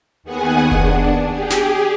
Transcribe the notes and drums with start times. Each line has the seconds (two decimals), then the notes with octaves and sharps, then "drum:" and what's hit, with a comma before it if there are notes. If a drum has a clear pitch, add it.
0.23 D#2 D#3 B3 G#4 F#5 G#5
0.71 D4, drum: kick F1
1.29 G4 G#4
1.50 drum: snare